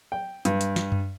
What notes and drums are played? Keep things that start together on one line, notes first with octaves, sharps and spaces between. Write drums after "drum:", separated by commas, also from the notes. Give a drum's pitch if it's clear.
G5
G2, drum: hi-hat
drum: hi-hat
drum: snare
drum: tom F#2